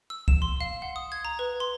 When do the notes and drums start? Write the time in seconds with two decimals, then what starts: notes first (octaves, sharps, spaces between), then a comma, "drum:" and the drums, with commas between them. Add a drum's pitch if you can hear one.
0.10 E6
0.28 E7, drum: kick C2
0.42 C6
0.61 F5
0.82 F#5
0.96 D#6
1.12 G#6
1.25 A#5
1.39 B4
1.60 C6